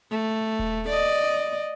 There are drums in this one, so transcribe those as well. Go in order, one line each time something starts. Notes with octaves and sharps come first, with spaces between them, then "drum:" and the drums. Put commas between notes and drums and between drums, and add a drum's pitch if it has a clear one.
A3
drum: kick D#1
D5 D#5